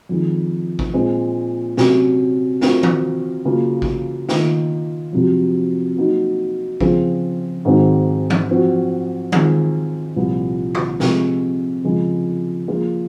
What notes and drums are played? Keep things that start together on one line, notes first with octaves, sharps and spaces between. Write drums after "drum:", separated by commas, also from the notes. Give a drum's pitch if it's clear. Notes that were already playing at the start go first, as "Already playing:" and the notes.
F2 D#3 G#3
drum: kick A1
A#2 G#3 C4
C3 F#3 C#4, drum: snare
F#3 C4 F4 A#4, drum: snare
drum: tom D#3
C#3 F#3 A#3 F4
drum: kick A1
D#3 A#3 F4, drum: snare
F2 C3 F#3
F#3 A#3 D#4
C#3 F3 C4 F4 G#4, drum: kick A1
G#2 D#3 G#3 C4 F#4
drum: tom D#3
F#2 F3 C4 F#4
D#3 G#3 C4 F4, drum: tom D#3
C2 A#2 F3
drum: tom
C3 F3 G#3, drum: snare
F2 C#3 F3 G#3
F3 A#3 F4 G#4